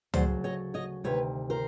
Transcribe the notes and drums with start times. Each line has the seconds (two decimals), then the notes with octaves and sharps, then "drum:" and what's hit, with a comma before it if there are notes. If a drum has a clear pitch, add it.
0.14 D2 C#3 F#3 A3 C5 D5, drum: tom C#2
0.44 C#5 D#5
0.74 C#5 D#5
1.04 D2 C3 D#3 B4 C#5
1.50 A#4 C5